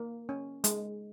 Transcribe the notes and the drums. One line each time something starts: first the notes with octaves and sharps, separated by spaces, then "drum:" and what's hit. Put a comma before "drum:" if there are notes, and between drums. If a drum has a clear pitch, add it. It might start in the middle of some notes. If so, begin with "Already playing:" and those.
Already playing: A#3
C#4
G#3, drum: hi-hat